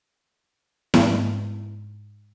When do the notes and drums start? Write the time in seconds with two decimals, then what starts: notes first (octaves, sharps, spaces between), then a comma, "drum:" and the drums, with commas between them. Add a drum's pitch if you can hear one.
0.94 G#2, drum: snare E4